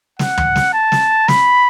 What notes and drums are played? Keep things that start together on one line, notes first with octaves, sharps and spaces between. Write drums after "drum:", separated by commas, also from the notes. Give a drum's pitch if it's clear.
F#5, drum: snare
drum: tom
drum: snare
A5
drum: snare
B5, drum: snare